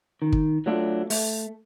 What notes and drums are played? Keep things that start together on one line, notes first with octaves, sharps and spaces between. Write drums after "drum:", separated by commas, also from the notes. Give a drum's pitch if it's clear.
D#3
drum: kick
F#3 A3 D4 F4
A3, drum: open hi-hat